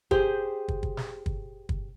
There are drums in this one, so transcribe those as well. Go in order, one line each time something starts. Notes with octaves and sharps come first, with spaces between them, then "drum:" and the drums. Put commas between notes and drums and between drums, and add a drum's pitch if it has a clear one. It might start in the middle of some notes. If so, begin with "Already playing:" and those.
G4 G#4 C5, drum: kick
drum: kick
drum: kick
drum: snare
drum: kick
drum: kick